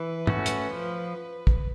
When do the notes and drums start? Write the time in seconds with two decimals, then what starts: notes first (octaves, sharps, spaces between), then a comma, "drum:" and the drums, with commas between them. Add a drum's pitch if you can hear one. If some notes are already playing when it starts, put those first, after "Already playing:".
Already playing: E3 B4
0.27 A3 C#4 F#4, drum: tom
0.46 drum: hi-hat
0.70 F3
1.47 drum: kick